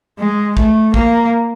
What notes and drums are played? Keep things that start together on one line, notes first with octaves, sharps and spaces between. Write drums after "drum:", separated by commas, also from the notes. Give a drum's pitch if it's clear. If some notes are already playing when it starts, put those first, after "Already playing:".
G#3
A3, drum: kick
A#3, drum: kick